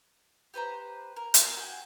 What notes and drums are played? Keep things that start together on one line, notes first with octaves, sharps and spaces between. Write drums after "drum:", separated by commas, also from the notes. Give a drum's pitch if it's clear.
G4 B4 C5 A#5
A#4
drum: hi-hat
F#4 G5 G#5